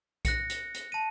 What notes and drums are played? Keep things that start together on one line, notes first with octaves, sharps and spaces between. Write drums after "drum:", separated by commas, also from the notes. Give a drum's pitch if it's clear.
F#6 A#6 C#7, drum: kick B1, hi-hat
drum: hi-hat
drum: hi-hat
A5 D#7